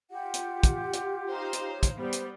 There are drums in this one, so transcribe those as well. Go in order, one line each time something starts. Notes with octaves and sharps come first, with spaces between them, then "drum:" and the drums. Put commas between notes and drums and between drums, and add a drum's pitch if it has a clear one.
F4 G4 F#5
drum: hi-hat
drum: kick, hi-hat
drum: hi-hat
D#4 C5 F5
drum: hi-hat
C#5
drum: kick, hi-hat
G3 B3 C5
drum: hi-hat